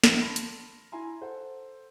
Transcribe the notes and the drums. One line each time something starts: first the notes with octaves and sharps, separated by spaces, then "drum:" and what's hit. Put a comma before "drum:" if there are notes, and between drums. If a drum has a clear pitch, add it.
A#1 D3 E3 F3, drum: snare
A5 B5 C6 F6 A#6
drum: hi-hat
E4 G#5 A#5 C6
A4 C5 F#5